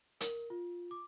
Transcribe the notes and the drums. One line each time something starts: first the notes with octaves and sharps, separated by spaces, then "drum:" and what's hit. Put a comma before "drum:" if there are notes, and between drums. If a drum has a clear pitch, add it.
A#4, drum: hi-hat
F4
D6